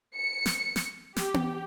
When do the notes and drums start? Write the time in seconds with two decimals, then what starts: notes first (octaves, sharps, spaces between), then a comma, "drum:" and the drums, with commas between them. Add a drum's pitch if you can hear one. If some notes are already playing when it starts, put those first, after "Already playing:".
0.17 C#7
0.46 drum: snare
0.76 drum: snare
1.16 G4, drum: snare
1.34 drum: tom B3